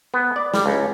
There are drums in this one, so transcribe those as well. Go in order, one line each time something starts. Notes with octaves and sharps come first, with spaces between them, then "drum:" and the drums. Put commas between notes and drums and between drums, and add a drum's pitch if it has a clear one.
B3
D5
G3, drum: snare
C#2